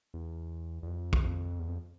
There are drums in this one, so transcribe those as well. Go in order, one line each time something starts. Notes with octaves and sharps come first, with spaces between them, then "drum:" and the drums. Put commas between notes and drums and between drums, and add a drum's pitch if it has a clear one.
E2
E2
F2
drum: kick A#1
F2
E2
F2